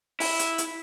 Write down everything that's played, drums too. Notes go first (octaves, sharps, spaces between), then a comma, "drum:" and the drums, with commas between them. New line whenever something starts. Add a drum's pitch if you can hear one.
E4, drum: open hi-hat
drum: hi-hat
drum: hi-hat